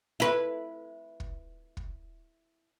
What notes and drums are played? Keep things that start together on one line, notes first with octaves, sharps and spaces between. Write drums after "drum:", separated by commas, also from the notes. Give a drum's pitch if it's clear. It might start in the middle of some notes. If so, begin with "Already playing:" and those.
E4 B4
drum: kick
drum: kick